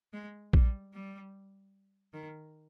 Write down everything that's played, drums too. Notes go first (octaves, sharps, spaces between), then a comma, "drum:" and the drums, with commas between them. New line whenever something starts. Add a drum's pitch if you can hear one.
G#3
G3, drum: kick A#1
G3
D#3